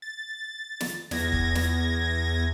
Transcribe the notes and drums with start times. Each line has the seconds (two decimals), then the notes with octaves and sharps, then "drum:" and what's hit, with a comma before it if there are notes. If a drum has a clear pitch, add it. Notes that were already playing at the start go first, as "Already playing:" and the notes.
0.02 A6
0.80 drum: snare
1.11 E2 G#6 A#6, drum: snare
1.32 drum: kick
1.55 drum: snare